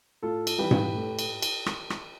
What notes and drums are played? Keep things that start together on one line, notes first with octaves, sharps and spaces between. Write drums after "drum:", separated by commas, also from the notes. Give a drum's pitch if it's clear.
A2 F4 A4
drum: cymbal
E3 G3 G4 B4
drum: tom G#2
A2
drum: cymbal
drum: cymbal
drum: rim click
drum: rim click